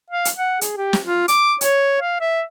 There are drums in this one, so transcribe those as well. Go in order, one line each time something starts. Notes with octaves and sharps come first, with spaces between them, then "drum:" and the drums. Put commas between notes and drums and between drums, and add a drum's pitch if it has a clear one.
F5
drum: hi-hat
F#5
G#4, drum: hi-hat
G4
drum: snare
F4
D6, drum: hi-hat
C#5, drum: hi-hat
F5
E5